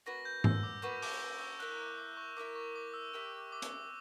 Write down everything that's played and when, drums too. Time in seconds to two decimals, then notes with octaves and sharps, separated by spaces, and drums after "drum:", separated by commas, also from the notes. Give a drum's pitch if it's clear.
0.06 A#3 C#4 F#4 B4 A#6
0.25 G6
0.44 E6, drum: tom G#2
0.63 D6
0.82 A#3 C#4 F#4 B4 C#6
1.02 D6, drum: open hi-hat
1.21 D6
1.40 E6
1.60 A#3 E4 A#4 E5 F#6
1.98 D6
2.17 C#6
2.37 A#3 E4 A#4 E5 D6
2.55 C#6
2.76 D6
2.94 E6
3.13 G4 A#4 E5 G5
3.52 D6
3.62 drum: hi-hat